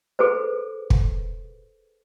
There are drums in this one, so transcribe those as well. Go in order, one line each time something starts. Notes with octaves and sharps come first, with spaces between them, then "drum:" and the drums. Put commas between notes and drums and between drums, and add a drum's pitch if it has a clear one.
G#4 A4 B4 C5
drum: kick